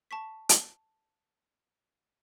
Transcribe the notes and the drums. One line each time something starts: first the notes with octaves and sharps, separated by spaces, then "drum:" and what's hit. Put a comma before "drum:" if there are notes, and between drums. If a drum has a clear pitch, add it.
A5 C#6 B6
drum: hi-hat